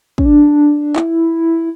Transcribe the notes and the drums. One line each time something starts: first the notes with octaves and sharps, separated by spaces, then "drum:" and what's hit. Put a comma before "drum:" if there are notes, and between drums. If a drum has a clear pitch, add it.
C#4, drum: kick
D4
E4, drum: clap